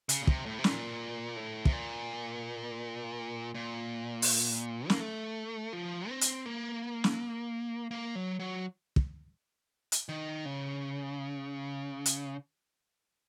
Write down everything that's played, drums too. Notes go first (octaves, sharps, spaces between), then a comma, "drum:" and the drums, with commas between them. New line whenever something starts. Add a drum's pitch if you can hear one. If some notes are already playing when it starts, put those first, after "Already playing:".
C#3, drum: hi-hat
A#2
C3, drum: kick
A2
C3
A#2, drum: snare
A2
C3, drum: kick
A#2
A#2
drum: open hi-hat
A#3, drum: snare
A3
F3
C4
drum: hi-hat
A#3
drum: snare
A#3
F#3
F#3
drum: kick
drum: hi-hat
D#3
C#3
drum: hi-hat